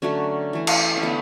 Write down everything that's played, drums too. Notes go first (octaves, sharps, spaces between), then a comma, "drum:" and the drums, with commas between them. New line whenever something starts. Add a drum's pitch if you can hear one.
D3 F#3 A3 C#4
E3 A3
drum: cymbal
C#4
D3 A3 B3